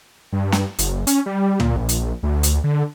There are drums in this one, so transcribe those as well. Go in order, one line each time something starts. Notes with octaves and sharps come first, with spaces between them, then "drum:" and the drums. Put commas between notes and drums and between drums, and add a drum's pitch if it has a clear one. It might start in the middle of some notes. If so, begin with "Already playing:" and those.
G2
drum: snare
F#1, drum: hi-hat
C#4, drum: hi-hat
G3
A#2, drum: tom
A#1
drum: hi-hat
D2
drum: hi-hat
D3